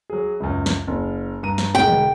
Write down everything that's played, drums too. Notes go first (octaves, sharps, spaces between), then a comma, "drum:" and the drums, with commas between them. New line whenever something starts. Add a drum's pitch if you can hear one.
F#3 G#4
C#2 F#2
drum: snare
F#1
G2 A#5 D#7
drum: snare
E1 G#3 D#4 G5
drum: tom